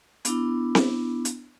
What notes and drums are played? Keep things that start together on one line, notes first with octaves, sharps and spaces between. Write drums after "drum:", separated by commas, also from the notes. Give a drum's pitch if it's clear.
B3 D4 E4, drum: hi-hat
drum: snare C4
drum: hi-hat